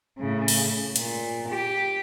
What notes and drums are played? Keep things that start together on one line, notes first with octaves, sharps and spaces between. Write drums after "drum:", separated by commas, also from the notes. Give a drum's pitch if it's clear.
A2 C#3
drum: open hi-hat
A#2, drum: hi-hat
G4